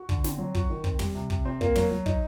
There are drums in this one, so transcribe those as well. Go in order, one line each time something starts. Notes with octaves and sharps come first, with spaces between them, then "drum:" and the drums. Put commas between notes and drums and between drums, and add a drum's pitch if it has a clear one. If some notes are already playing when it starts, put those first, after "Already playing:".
Already playing: F#4
D3, drum: kick
C4, drum: snare
F#3
F#4, drum: kick
D#3
C4, drum: kick
G3, drum: tom
C3
C3, drum: kick
C4
A#3, drum: kick
F#3, drum: tom
F#3
D#4, drum: kick